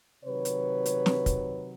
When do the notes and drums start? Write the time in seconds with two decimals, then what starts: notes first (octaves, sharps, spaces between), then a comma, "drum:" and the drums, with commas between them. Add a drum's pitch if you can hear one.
0.25 C3 D#3 F#3 B4 C#5
0.45 drum: hi-hat
0.86 drum: hi-hat
1.06 drum: snare
1.26 drum: kick, hi-hat